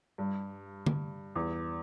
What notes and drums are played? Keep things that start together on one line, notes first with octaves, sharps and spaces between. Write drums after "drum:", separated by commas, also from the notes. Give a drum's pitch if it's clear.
G2
drum: tom D3
E2